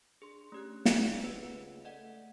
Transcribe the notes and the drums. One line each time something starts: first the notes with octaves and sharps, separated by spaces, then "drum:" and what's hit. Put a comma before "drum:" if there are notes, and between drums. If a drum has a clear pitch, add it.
D4 G#4 C6
A3 C#4 G4 F#6
D#3, drum: snare
C#2 B4 F#5
A3 D5 D#5 F#5